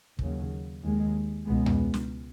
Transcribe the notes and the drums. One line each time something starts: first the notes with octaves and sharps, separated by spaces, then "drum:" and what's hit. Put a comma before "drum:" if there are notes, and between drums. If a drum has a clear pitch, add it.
D#2 C#3 F#3, drum: kick
D#2 D#3 G#3
C#2 B2 G#3 B3
drum: tom E2
drum: snare